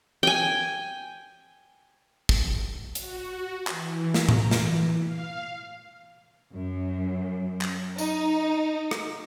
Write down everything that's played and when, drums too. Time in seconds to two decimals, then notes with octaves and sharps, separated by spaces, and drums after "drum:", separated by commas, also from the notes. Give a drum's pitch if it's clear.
0.23 G5 G#5
2.29 drum: kick
2.95 F#4, drum: hi-hat
3.67 E3, drum: clap
4.14 A#5, drum: snare
4.29 drum: tom A2
4.51 E3, drum: snare
5.03 F5
6.53 F#2
7.61 drum: clap
7.98 D#4, drum: tambourine
8.91 drum: rim click